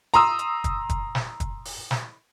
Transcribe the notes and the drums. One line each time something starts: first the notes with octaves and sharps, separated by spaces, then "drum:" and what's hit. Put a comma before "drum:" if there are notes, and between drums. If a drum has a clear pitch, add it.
A#5 C6 D#6 E6, drum: hi-hat
drum: hi-hat
drum: kick, hi-hat
drum: kick, hi-hat
drum: snare
drum: kick, hi-hat
drum: open hi-hat
drum: snare